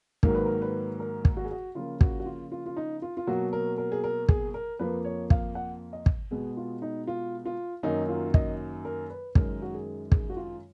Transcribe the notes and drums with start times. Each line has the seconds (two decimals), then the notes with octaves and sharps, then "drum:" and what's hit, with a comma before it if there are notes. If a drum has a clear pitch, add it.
0.23 G#2 D#3 F#3 A#3 A#4, drum: kick
0.35 B4
0.46 A#4
0.62 B4
1.00 A#4
1.25 drum: kick
1.37 F#4
1.45 G#4
1.51 F#4
1.75 C#3 F3 A#3 F4
2.01 F#4, drum: kick
2.20 F#4
2.26 F4
2.52 F4
2.66 F4
2.76 D#4
3.02 F4
3.17 F4
3.27 B2 F#3 A#3 F#4
3.53 A#4
3.78 A#4
3.92 G#4
4.04 A#4
4.29 G#4, drum: kick
4.54 A#4
4.79 F2 F3 A#3 B4
5.05 C#5
5.30 F5, drum: kick
5.55 F#5
5.93 D#5
6.06 drum: kick
6.31 B2 G#3 B3 G#4
6.57 F4
6.82 D#4
7.07 F4
7.45 F4
7.83 F#2 D#3 F#3 A#3 D#4
8.09 F4
8.34 D#5, drum: kick
8.85 A#4
9.10 B4
9.35 F#2 D#3 G#3 A#4, drum: kick
9.62 F#4
9.73 G#4
10.12 G#4, drum: kick
10.30 F#4
10.37 F4